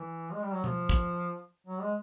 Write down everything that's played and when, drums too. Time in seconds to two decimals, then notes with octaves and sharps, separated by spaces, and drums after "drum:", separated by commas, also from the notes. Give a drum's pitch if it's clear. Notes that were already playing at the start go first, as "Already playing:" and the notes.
Already playing: E3
0.33 G#3
0.43 G3
0.54 F#3
0.64 F3, drum: tom B2
0.89 drum: kick
1.67 F#3
1.81 G#3